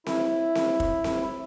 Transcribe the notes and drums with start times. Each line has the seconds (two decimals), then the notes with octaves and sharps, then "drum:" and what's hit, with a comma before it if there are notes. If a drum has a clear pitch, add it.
0.06 E4, drum: snare C4
0.55 drum: snare C4
0.80 drum: kick
1.04 drum: snare C4